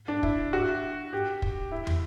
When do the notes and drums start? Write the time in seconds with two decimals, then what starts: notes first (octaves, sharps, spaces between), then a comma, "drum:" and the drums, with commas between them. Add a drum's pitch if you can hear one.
0.08 D4
0.23 E4, drum: kick
0.53 F#4
1.13 G4
1.42 drum: kick
1.72 E4
1.87 drum: tom